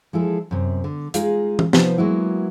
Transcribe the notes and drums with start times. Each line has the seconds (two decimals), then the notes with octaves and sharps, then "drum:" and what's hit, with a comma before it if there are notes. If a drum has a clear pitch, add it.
0.13 F3 G#3 E4 G#4 A4
0.51 F#2 C3
0.84 D3
1.14 G#3 D#4 F4 G#4 F5, drum: hi-hat
1.59 drum: tom E3
1.73 C3 F3 B3 D#4 B4, drum: snare
1.97 F#3 G#3 A#3 B3 E4 F#4